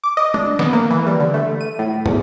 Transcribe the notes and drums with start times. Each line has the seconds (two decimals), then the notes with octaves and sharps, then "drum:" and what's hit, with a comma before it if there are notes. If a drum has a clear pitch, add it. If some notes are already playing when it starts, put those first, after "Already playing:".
0.04 D6
0.17 D#5
0.34 D4, drum: tom G#3
0.59 B3, drum: snare
0.73 A#3
0.91 E3
1.07 G3
1.20 D3
1.34 A3
1.61 D#7
1.79 A2
2.06 E2, drum: tom